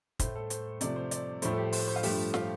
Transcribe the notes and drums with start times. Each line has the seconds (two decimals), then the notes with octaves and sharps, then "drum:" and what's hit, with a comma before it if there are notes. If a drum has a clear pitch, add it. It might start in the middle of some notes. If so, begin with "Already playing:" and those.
0.19 A2 A3 C5, drum: kick, hi-hat
0.36 A4
0.50 C5, drum: hi-hat
0.81 C3 F3 A3 D5, drum: hi-hat
0.96 C5
1.11 D5, drum: hi-hat
1.42 A2 F3 A3 C5, drum: hi-hat
1.53 A4
1.57 G4
1.72 C5, drum: open hi-hat
1.88 C5
1.96 F4
2.03 G2 F3 A3 G4, drum: open hi-hat
2.34 F4, drum: snare